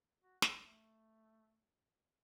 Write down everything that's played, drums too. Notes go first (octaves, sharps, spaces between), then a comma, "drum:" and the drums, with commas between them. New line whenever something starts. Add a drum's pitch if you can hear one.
F#4
G4, drum: snare
A3